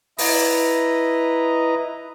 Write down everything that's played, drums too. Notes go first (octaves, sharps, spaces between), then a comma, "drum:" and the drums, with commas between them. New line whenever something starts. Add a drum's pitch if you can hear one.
E4 B4 D#5 A#5, drum: open hi-hat